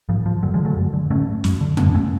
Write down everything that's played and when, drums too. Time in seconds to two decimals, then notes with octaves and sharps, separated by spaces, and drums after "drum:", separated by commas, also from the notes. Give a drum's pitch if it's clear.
0.09 G#2 F3
0.26 F3
0.42 F2 D3 F#3
0.54 F3 G#3
0.60 D3
0.65 F#3 A3
0.77 F#2
0.93 D3
1.10 G#2 A3 C#4
1.44 F#2, drum: snare
1.61 D3
1.77 G#2 B3 D4, drum: tom F2
1.95 A3 C#4